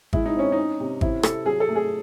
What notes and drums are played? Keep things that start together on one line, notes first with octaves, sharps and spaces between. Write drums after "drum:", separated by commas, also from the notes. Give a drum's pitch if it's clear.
G#3 E4, drum: kick G#1
D#4
C4 C#4
C#4 D#4
C3
C4 E4, drum: kick G#1
C3 A4, drum: rim click
F#3 G#4
A4
A3
G#4